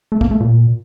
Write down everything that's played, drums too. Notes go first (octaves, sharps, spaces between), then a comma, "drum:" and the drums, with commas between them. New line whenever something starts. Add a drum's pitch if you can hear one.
A3
A#3, drum: kick
A3
A#2